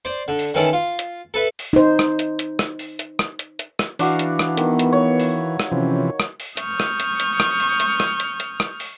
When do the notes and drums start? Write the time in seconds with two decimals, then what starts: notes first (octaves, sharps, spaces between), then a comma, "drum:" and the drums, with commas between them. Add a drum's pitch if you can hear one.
0.05 C5 D5
0.28 D3
0.39 drum: open hi-hat
0.54 D#3 E3 C#4 E4 A4
0.73 F4
0.99 drum: hi-hat
1.34 A4 B4 E5
1.59 drum: open hi-hat
1.73 D#4 C5
1.99 drum: rim click
2.19 drum: hi-hat
2.39 drum: hi-hat
2.59 drum: rim click
2.79 drum: open hi-hat
2.99 drum: hi-hat
3.19 drum: rim click
3.39 drum: hi-hat
3.59 drum: hi-hat
3.79 drum: rim click
3.99 E3 D4 F#4 F5, drum: open hi-hat
4.19 drum: hi-hat
4.39 drum: rim click
4.57 D#3 B3, drum: hi-hat
4.79 drum: hi-hat
4.92 C#5
5.19 drum: open hi-hat
5.60 drum: rim click
5.72 C3 E3 F3 C#4
6.20 drum: rim click
6.40 drum: open hi-hat
6.57 C#6 D#6 F6 G6, drum: hi-hat
6.80 drum: rim click
7.00 drum: hi-hat
7.20 drum: hi-hat
7.40 drum: rim click
7.60 drum: open hi-hat
7.80 drum: hi-hat
8.00 drum: rim click
8.20 drum: hi-hat
8.40 drum: hi-hat
8.60 drum: rim click
8.80 drum: open hi-hat